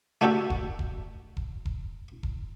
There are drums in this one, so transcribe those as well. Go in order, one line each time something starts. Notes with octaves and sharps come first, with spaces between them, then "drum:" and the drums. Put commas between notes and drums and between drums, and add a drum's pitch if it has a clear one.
A3 D4 F#4 G4 A4
drum: kick E1
drum: kick E1
drum: kick E1
drum: kick E1
drum: kick E1